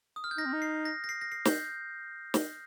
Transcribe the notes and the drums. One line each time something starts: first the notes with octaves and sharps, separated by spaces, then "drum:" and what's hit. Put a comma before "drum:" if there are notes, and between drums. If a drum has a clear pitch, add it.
D#6
F6
G6
D#4 A#6
C4
D#4
C7
A#6
A#6
C7
A#6
C7
G6, drum: snare
drum: snare